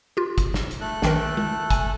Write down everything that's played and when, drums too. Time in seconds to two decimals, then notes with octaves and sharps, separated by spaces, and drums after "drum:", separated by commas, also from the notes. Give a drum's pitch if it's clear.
0.17 F4 G4
0.38 drum: kick, hi-hat
0.54 drum: snare
0.71 drum: hi-hat
0.81 A3 A4 F#6
1.02 A#1 D#3 A#4, drum: snare
1.37 drum: tom
1.71 G#5, drum: kick, hi-hat